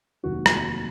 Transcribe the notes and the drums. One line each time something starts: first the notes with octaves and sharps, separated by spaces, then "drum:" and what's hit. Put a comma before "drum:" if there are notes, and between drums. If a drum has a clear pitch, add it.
F1 D#2 D#3 F#3 A#3 F#4
drum: rim click